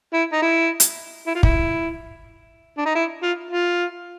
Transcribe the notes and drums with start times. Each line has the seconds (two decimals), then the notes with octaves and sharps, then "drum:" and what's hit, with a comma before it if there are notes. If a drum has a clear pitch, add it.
0.14 E4
0.33 D#4
0.42 E4
0.80 drum: hi-hat
1.27 E4
1.35 F4
1.43 E4, drum: kick
2.78 D4
2.86 D#4
2.95 E4
3.23 F4
3.50 F4